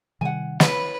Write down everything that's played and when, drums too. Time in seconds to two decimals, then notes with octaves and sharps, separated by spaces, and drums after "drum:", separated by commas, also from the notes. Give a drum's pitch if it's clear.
0.21 C3 D#3 G3 F#5 G#5
0.60 E4 B4 C#5 B5, drum: snare